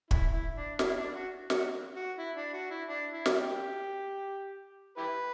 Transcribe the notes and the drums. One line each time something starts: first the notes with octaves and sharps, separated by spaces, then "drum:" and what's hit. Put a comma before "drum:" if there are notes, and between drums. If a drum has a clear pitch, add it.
E4, drum: kick
E4
D4
E4, drum: snare
D4
F#4
F#4, drum: snare
F#4
E4
D4
F#4
E4
D4
E4
drum: snare
G4
E4 G4 B4